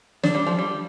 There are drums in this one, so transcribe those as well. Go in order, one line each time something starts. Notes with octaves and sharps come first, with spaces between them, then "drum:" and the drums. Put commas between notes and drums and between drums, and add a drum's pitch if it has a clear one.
D4, drum: snare
G3
F3
G3